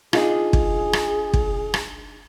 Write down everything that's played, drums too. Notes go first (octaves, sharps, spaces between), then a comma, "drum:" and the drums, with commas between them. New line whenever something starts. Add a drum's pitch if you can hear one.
D4 D#4 F4 G#4, drum: rim click
drum: kick
drum: rim click
drum: kick
drum: rim click